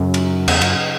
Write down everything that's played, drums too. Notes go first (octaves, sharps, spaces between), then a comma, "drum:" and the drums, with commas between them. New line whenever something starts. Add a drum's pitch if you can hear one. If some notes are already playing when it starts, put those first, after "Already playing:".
Already playing: F#2 C#3 F#3 C#4
drum: cymbal
E2, drum: cymbal
F#2, drum: cymbal